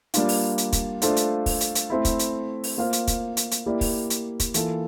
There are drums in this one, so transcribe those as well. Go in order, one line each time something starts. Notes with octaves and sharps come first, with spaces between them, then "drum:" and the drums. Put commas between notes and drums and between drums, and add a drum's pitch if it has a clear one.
G3 A#3 D4 F4, drum: hi-hat
drum: open hi-hat
drum: hi-hat
drum: kick, hi-hat
A3 D4 F4 A4 C5, drum: hi-hat
drum: hi-hat
drum: kick, open hi-hat
drum: hi-hat
drum: hi-hat
A3 C4 E4
drum: kick, hi-hat
drum: hi-hat
drum: open hi-hat
A#3 F4 C5 F5
drum: hi-hat
drum: kick, hi-hat
drum: hi-hat
drum: hi-hat
A#3 E4 G4 D5
drum: kick, open hi-hat
drum: hi-hat
drum: kick, hi-hat
E3 A#3 F4 A4, drum: hi-hat